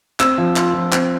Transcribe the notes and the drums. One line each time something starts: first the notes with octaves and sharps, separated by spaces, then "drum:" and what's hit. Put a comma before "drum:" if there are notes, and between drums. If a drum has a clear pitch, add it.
C4 E6, drum: clap
F3
F4, drum: clap
F3
C4, drum: clap